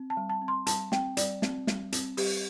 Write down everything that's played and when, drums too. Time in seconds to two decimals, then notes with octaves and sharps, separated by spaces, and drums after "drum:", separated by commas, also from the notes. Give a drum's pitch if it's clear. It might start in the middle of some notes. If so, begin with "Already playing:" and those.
Already playing: C4
0.10 A5
0.17 G3
0.29 A5
0.42 C4
0.48 C6
0.67 G3 A5, drum: hi-hat
0.92 C4 G5, drum: snare
1.17 G3 D5, drum: hi-hat
1.42 C4, drum: snare
1.67 G3, drum: snare
1.92 C4, drum: hi-hat
2.17 G3 G4, drum: open hi-hat